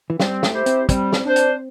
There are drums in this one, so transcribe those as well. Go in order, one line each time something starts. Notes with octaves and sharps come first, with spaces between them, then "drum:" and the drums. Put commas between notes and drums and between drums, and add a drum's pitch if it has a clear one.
E3
G3 C4, drum: snare
A3, drum: snare
E4 G4 C5
C4, drum: hi-hat
G3 C4, drum: kick, hi-hat
drum: snare
D4 C5
drum: hi-hat